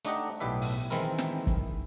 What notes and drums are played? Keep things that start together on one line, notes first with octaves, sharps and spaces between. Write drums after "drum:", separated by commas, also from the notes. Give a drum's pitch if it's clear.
A3 D4 D#4 G4 D#5 F#5, drum: hi-hat
B1 A2 G4 B4 E5
drum: open hi-hat
D#3 E3 G#3 C4 E4 A#4
drum: snare
drum: kick